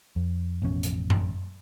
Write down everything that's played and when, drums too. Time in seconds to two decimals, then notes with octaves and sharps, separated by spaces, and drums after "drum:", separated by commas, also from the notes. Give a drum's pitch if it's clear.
0.16 F2
0.62 A1 F2 B2 C#4
0.83 drum: hi-hat
1.10 drum: tom F#2